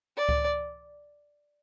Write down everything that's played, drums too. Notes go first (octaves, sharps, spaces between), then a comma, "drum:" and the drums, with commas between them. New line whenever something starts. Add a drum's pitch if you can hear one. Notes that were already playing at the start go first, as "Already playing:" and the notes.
D5
drum: kick C#2